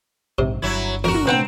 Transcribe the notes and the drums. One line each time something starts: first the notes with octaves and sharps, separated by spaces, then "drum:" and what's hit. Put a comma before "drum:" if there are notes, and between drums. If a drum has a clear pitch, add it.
A#1 G#2 C3
G1 F#3 E4
F2 F#4 A#4
drum: tom
C3 C4 D4 B4 F#5 G5